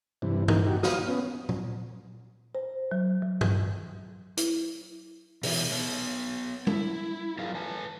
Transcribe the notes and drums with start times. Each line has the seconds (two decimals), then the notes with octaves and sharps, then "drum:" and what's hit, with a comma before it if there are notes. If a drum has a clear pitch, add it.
0.22 G2 C3 E3
0.48 D#3 E3 A#3 D#4, drum: tom G2
0.67 D#4 F#4 G4
0.83 F5 D#6, drum: snare
1.07 B3 C#4
1.49 drum: tom
2.55 C5
2.91 F#3
3.22 F#3
3.41 drum: tom G2
4.37 E4, drum: hi-hat
5.43 B2 E3 E4, drum: open hi-hat
5.71 B3 C#5
6.67 E4, drum: tom G3
7.38 F#3 F4 G#4 A#4 B4 F5
7.55 B4 G#5 A5